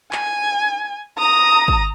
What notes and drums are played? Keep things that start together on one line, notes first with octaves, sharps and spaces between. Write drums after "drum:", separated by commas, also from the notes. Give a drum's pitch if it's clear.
G#5, drum: clap
A#5 D#6
drum: kick